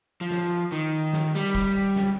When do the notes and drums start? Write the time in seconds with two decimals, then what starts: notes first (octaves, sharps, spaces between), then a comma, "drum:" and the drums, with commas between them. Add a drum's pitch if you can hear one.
0.21 F3
0.31 drum: snare
0.72 D#3
1.13 drum: snare
1.35 G3
1.55 drum: kick
1.96 drum: snare